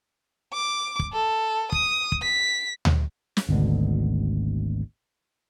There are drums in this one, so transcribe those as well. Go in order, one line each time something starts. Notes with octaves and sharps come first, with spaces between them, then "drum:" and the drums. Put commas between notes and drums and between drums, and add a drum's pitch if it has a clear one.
D6
drum: kick
A4
D#6, drum: kick
drum: kick
B6
drum: tom D2
drum: snare
G#1 D2 B2 D3